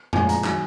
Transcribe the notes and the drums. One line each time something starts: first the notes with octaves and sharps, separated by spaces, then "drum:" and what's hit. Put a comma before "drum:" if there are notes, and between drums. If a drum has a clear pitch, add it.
A#2 F3 G#3 G#5, drum: tom F2
A#5, drum: hi-hat
D#3 F#3 G#5, drum: clap